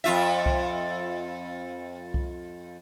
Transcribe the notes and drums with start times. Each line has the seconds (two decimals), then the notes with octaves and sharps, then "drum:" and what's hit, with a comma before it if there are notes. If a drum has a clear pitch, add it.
0.04 F2 F4 E5
0.46 drum: kick C2
2.14 drum: kick C2